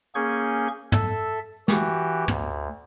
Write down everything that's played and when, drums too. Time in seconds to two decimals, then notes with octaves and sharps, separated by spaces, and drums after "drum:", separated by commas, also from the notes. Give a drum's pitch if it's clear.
0.15 A#3 C#4 G#4 C#6 G6 G#6
0.92 A4 E5, drum: tom
1.68 E3 F#4 G4, drum: snare
2.28 D2, drum: tom